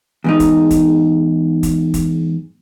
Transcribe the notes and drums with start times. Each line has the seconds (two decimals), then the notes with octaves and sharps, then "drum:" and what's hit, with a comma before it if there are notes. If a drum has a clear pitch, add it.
0.24 E2 G#2 D#4
0.40 drum: kick, hi-hat
0.71 drum: kick, hi-hat
1.63 drum: kick, hi-hat
1.94 drum: kick, hi-hat